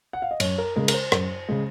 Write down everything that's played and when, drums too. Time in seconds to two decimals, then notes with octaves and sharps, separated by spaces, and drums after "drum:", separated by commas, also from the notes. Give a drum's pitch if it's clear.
0.13 F#5
0.22 F5
0.31 D#5
0.40 F#2 C#5, drum: cymbal
0.58 A#4
0.76 C#3 G#3 A#4
0.88 A#4, drum: cymbal
0.94 C5
1.12 F#2, drum: rim click
1.49 C#3 G#3